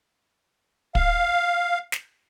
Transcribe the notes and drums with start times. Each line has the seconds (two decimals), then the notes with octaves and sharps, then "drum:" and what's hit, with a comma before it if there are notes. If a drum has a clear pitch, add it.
0.95 F5, drum: kick
1.92 drum: snare